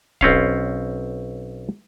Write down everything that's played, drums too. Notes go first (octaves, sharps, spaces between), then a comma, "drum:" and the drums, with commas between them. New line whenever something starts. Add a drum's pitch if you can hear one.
B1 C4 C#4 F5, drum: kick